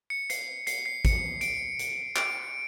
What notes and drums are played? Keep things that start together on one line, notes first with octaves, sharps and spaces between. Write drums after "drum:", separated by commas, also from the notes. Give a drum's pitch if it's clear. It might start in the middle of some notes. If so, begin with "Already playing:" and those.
C#7
C7, drum: hi-hat
C7, drum: hi-hat
C7
C#7, drum: kick, hi-hat
D7, drum: hi-hat
drum: hi-hat
D7, drum: clap